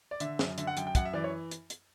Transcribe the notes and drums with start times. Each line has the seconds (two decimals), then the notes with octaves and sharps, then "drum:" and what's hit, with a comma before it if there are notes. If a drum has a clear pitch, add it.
0.11 D5
0.20 D3 E5, drum: hi-hat
0.39 F#2, drum: snare
0.58 D3 E5, drum: hi-hat
0.67 F#5
0.77 F#2 G5, drum: hi-hat
0.87 G5
0.95 F#2 F#5, drum: kick, hi-hat
1.05 E5
1.14 E3 D5
1.24 C#5
1.51 drum: hi-hat
1.70 drum: hi-hat